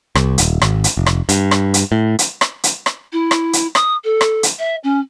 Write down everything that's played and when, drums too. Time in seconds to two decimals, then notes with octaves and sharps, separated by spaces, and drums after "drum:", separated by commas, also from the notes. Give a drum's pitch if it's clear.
0.15 C2, drum: rim click
0.38 D#1, drum: hi-hat
0.62 G#1, drum: rim click
0.84 drum: hi-hat
0.97 F1
1.06 drum: rim click
1.29 G2, drum: hi-hat
1.51 drum: rim click
1.74 drum: hi-hat
1.92 A2
2.19 drum: hi-hat
2.41 drum: rim click
2.64 drum: hi-hat
2.86 drum: rim click
3.12 E4
3.31 drum: rim click
3.53 drum: hi-hat
3.75 D#6, drum: rim click
4.04 A4
4.21 drum: rim click
4.43 drum: hi-hat
4.59 E5
4.83 C#4